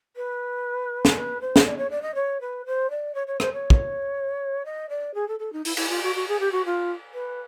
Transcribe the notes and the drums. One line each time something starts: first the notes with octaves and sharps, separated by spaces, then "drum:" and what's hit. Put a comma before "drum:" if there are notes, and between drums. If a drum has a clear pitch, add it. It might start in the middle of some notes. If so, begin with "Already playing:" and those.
B4
drum: snare
B4
C5
drum: snare
D5
C#5
D5
D#5
C#5
B4
C5
D5
C#5
C#5
C5, drum: rim click
C#5
drum: kick
D#5
D5
G#4
A4
A4
D#4
E4, drum: open hi-hat
E4, drum: cymbal
F4
F#4
F#4
G#4
G4
F#4
F4
B4